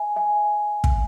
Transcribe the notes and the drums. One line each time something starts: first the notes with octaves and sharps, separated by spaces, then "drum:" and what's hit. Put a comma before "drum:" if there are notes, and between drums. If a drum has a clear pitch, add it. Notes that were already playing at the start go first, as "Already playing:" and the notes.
Already playing: E5 G#5
E5 G#5
drum: kick